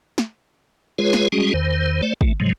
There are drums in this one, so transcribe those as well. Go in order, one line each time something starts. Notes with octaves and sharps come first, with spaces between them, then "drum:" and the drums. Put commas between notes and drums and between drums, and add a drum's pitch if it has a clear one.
drum: snare
G#3 F4 G#4 B4 C#5
drum: snare
G3 G#3 C#4 F#4 G#4
E2 D#3 C5
A3 C5 D5
A3, drum: kick
G#2 C3 F3 F#3 G#3